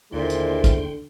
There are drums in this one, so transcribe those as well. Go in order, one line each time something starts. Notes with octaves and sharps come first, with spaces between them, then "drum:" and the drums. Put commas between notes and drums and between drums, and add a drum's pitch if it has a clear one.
D#2 A#2 D3 G#3 E4 C5 G5 C6
drum: hi-hat
drum: kick, hi-hat